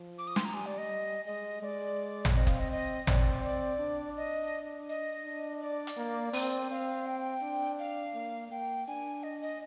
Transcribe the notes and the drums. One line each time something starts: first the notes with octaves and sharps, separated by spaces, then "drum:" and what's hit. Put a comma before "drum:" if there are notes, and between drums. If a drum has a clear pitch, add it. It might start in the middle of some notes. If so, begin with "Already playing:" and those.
Already playing: F3
D6
D#6
C6, drum: snare
A#5
G3 G#5
D5
D#5
G#3 D#5
G#3 D5
drum: tom
C4 D#5
F5, drum: kick F#1
D#5
D#5
C4 D5, drum: tom
D5
D4
D#5
D#5
D4
D5
drum: hi-hat
A#3
C4, drum: open hi-hat
C4 F5
G5
D4
F5
A#3
A#3 G5
D4 G#5
D#5
D#5